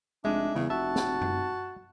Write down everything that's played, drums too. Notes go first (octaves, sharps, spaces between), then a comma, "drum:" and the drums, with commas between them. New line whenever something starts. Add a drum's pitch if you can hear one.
F1 G#3 D4 E5
E2 C#3
F1 F#4 E5 A5
drum: snare
drum: tom F#2